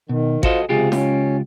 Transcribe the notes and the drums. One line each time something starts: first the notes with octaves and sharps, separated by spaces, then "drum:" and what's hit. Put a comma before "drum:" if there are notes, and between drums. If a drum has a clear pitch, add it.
B2 D#3
F4 F#4 A4 C5 D#5 F5, drum: kick G#1
C#2 C3 F4 G4 G#4
C#4, drum: snare